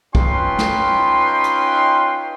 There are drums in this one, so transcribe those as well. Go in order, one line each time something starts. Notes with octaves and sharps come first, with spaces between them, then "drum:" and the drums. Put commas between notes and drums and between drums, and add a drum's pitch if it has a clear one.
C#4 D#4 F4 B4 G5 C6, drum: kick
drum: snare
drum: hi-hat